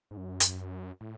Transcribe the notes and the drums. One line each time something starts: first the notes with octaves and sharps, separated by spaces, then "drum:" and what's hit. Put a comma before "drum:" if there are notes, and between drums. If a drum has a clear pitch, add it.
G#2
F#2
drum: hi-hat
A2